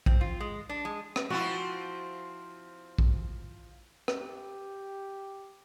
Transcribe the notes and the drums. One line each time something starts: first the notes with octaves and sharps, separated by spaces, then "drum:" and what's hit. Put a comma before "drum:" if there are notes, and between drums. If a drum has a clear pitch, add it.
C4, drum: kick
F4
G#3
D4
G#3
drum: rim click
F3 C4 E4 F#4
drum: kick
drum: rim click
G4